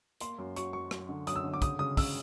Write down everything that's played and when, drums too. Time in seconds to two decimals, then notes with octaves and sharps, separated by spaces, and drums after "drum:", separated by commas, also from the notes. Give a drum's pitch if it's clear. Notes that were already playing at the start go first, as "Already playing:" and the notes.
0.20 A#3 C6, drum: hi-hat
0.38 F#2
0.56 F#3 C#6, drum: hi-hat
0.73 F#3 C#6
0.91 F#3, drum: rim click
1.09 D3
1.27 F#2 D#6, drum: hi-hat
1.36 E6
1.44 D3
1.54 D6
1.62 C#3 D#6, drum: kick, hi-hat
1.79 C#3 D#6
1.97 C#3 E6, drum: kick, open hi-hat